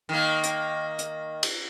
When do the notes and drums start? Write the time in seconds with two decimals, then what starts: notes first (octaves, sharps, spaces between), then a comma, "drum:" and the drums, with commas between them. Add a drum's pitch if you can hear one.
0.09 D#3 A#3
0.43 drum: hi-hat
0.99 drum: hi-hat
1.43 drum: cymbal